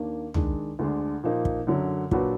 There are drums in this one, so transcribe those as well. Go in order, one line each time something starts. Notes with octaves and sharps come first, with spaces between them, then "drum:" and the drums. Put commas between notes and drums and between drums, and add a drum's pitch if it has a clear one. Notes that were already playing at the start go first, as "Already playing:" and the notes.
Already playing: D#2 D#3 A#3 D4
D#3 G#3 D4, drum: tom
D2 D3 G#3 D4
A#2 F3 A#3 D#4
drum: kick
F#2 D3 F#3
A#2 F#3 D4 F#4 B4, drum: kick